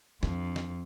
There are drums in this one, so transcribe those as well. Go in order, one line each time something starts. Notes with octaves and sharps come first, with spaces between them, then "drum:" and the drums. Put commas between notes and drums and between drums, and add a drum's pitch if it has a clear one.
F2 D4, drum: snare
drum: snare